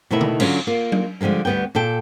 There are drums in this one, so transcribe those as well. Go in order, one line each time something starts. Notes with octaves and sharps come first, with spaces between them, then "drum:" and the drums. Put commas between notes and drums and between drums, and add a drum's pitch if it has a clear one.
B2 D#3 A3 D#4 E4 E5
drum: tom C#3
D3 F#3 A3 C#4 F4, drum: cymbal
A#3 F4
drum: tom F#3
D3 F3 G3 G#3 A#3
D2 G3 B3 B4 G5
A#2 A4 G5